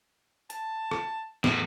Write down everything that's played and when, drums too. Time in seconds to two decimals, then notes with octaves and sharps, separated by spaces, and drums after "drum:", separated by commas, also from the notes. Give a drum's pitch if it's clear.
0.50 A5, drum: hi-hat
0.91 drum: rim click
1.44 E2 A2, drum: snare